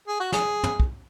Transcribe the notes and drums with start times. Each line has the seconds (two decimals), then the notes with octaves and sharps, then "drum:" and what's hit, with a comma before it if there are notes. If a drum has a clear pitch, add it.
0.08 G#4
0.20 F#4
0.32 G#4, drum: snare
0.64 drum: tom
0.80 drum: kick